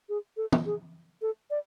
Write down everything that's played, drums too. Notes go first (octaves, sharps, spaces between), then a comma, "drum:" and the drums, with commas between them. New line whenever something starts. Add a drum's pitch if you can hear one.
G#4
A4
drum: tom
G#4
A4
D5